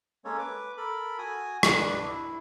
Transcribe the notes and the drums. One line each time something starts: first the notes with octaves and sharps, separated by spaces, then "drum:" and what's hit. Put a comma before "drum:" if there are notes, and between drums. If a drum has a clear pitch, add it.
G#3 A#3 C#4 A4 C#5
B4 D6
A4 A#4 B5
F#4 G#5 D#6
D4 B4 D5 D#5, drum: rim click
E4